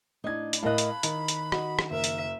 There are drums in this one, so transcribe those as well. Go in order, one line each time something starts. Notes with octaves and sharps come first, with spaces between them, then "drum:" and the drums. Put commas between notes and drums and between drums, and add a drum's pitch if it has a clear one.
A2 D4 D#4 G#6
drum: hi-hat
A2 A#4 D#5 F5 A5 B5 F#6
drum: hi-hat
D#3, drum: hi-hat
drum: hi-hat
F#4 D#5, drum: rim click
drum: rim click
F#1 A#4 E5
drum: hi-hat